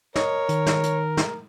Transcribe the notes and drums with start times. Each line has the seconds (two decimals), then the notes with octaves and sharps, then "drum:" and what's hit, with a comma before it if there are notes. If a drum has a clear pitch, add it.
0.16 A#4 C#5 D#5, drum: snare
0.49 D#3, drum: hi-hat
0.66 drum: snare
0.83 drum: hi-hat
1.17 drum: snare